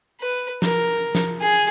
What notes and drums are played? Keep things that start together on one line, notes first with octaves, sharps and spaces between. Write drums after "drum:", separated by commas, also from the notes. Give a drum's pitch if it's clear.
B4
A#4, drum: snare
drum: snare
G#4